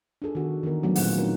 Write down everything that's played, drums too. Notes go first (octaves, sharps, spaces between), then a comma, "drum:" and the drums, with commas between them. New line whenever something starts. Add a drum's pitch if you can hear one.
D4 F4 G#4 A4
D#3 B3 F#4
D#3 E3 B3 A#4
F#3 G3 A3 B3 D4
A#2 C4 F4 G#4 F#5, drum: open hi-hat
C#4 D#4 A#4